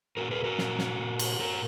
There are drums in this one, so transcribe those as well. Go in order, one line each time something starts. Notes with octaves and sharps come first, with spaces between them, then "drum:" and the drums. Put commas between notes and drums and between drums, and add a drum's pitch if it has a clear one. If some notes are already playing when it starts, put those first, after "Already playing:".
A#2 F#4 A#4
G#4 B4
F#4 A#4
A#2, drum: snare
drum: snare
A#2
drum: cymbal
A#2 F#4 A#4